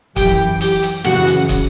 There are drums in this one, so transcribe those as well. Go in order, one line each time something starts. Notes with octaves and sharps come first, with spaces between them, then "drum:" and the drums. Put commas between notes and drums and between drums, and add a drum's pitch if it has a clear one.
F#2 E3 G4 G5, drum: kick, hi-hat
G4 G5, drum: hi-hat
drum: hi-hat
F#2 C#3 E3 F#4 F#5, drum: snare
drum: hi-hat
drum: kick, hi-hat